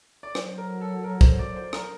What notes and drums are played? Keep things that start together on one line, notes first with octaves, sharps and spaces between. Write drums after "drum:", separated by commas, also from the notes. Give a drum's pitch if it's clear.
D5
F#3 C5, drum: rim click
A#4
A4
A#4
C5, drum: kick
D5
C5
A#4, drum: rim click